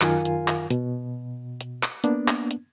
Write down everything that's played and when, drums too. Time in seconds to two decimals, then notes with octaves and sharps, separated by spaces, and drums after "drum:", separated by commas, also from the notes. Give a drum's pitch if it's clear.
0.01 F#2 D#3 F4 A#4 F5 G#5, drum: clap
0.25 drum: hi-hat
0.48 drum: clap
0.70 B2, drum: hi-hat
1.61 drum: hi-hat
1.83 drum: clap
2.04 A#3 B3 D4, drum: hi-hat
2.28 drum: clap
2.51 drum: hi-hat